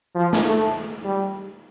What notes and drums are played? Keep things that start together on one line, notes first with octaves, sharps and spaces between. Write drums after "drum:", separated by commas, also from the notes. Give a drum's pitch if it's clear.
F3
drum: snare F4
A3
G3